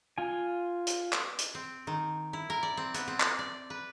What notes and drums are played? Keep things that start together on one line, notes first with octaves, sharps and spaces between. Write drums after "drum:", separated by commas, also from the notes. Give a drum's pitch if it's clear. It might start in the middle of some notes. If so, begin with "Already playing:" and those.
F4 G#5
drum: hi-hat
drum: clap
drum: hi-hat
C4
D#3
E4
A#4
D5
C4
B3, drum: hi-hat
C4
drum: clap
D5
B4